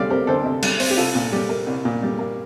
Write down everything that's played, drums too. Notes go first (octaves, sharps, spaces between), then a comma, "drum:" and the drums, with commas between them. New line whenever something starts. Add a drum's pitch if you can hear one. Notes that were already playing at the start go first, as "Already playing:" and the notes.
Already playing: D2 C3 G3 D5 F5
C4 G4 A#4
D2 A4 C5
C3
G3, drum: cymbal
C4, drum: open hi-hat
G4
C2 F4 A4
A#2
G3 G4
A#3
C2
A#2
G3
A#3